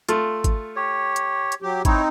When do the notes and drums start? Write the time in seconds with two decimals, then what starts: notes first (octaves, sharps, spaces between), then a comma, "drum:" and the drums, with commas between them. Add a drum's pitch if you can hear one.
0.09 A3 F4, drum: hi-hat
0.44 drum: kick G#1, hi-hat
0.76 G4 C#5
1.16 drum: hi-hat
1.52 drum: hi-hat
1.62 F#3 G4
1.85 C4 D#4 E4 C#5, drum: kick G#1, hi-hat